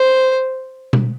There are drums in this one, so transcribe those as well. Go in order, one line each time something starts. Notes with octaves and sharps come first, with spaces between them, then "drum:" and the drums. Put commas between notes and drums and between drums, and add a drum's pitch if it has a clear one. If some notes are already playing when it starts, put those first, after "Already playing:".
Already playing: C5
drum: tom B2